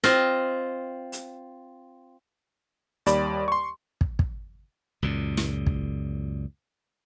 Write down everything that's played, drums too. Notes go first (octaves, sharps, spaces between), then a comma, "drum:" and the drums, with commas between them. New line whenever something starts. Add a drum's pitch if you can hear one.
C4 F4 D#5, drum: snare
drum: hi-hat
D#2 G3 D5 B5, drum: hi-hat
C6 C#6
drum: kick
drum: kick
C#2 F#2 A#2
drum: snare
drum: kick